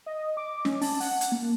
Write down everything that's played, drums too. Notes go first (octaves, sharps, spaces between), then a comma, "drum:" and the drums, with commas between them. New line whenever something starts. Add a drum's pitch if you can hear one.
D#5
D6
C#4, drum: snare
A5, drum: open hi-hat
F#5, drum: open hi-hat
drum: hi-hat
A#3